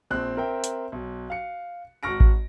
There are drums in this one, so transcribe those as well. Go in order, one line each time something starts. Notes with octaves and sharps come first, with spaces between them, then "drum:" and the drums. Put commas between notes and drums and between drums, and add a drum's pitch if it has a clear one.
A#1 C4 F#6
C4 A#4 E5 G5
drum: hi-hat
B1
F5 C#7
G#1 F#4 C#6 F6 A#6 D7
drum: kick A1